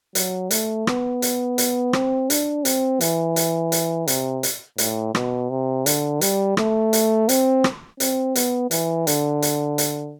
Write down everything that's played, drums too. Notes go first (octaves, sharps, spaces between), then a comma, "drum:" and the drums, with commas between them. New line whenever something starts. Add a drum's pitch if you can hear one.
F#3, drum: hi-hat
A3, drum: hi-hat
B3, drum: rim click
drum: hi-hat
drum: hi-hat
C4, drum: rim click
D4, drum: hi-hat
C4, drum: hi-hat
E3, drum: hi-hat
drum: hi-hat
drum: hi-hat
C3, drum: hi-hat
drum: hi-hat
A2, drum: hi-hat
B2, drum: rim click
C3
D3, drum: hi-hat
G3, drum: hi-hat
A3, drum: rim click
drum: hi-hat
C4, drum: hi-hat
drum: rim click
C4, drum: hi-hat
B3, drum: hi-hat
E3, drum: hi-hat
D3, drum: hi-hat
drum: hi-hat
drum: hi-hat